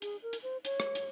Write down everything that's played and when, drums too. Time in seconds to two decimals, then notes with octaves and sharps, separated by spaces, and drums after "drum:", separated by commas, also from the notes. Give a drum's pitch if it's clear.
0.02 G#4, drum: hi-hat
0.23 A#4
0.33 drum: hi-hat
0.43 C5
0.65 C#5, drum: hi-hat
0.80 drum: rim click
0.95 drum: hi-hat